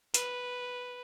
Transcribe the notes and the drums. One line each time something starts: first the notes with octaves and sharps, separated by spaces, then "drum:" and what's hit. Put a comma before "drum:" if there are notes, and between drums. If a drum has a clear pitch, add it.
B4, drum: hi-hat